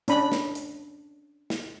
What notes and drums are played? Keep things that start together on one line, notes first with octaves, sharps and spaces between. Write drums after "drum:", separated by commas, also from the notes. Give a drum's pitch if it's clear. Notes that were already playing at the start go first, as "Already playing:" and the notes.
C#4 D4 B5, drum: hi-hat
drum: snare
drum: hi-hat
drum: snare